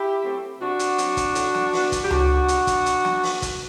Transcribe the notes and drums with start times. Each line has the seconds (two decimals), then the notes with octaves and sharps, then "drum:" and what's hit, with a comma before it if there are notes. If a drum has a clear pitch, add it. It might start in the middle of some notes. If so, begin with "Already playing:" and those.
Already playing: E4 G4
0.23 F#3 A3 C4
0.60 C3 D4 F#4
0.79 drum: hi-hat
0.98 F#3 C4, drum: hi-hat
1.17 drum: kick, hi-hat
1.35 A2, drum: hi-hat
1.54 drum: snare
1.73 E3 B3, drum: open hi-hat
1.92 drum: kick, hi-hat
2.04 G4
2.10 A2 D4 F#4, drum: tom C#2
2.48 drum: hi-hat
2.67 drum: kick, hi-hat
2.86 drum: hi-hat
3.05 drum: snare
3.23 drum: open hi-hat
3.42 drum: kick, hi-hat